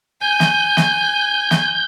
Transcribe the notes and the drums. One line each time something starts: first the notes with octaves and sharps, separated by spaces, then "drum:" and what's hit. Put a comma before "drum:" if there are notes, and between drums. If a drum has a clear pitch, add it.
G#5 G6
drum: snare
drum: snare
drum: snare